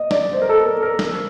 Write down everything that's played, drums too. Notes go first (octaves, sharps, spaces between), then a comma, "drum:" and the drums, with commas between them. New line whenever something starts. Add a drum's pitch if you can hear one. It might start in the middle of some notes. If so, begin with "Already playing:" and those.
Already playing: D#5
D5, drum: snare
C5
A#4
A4
A#4
A#4
A#4, drum: snare